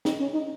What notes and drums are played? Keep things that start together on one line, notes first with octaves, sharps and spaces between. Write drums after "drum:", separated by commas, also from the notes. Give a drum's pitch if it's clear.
D#4, drum: snare
C#4
D#4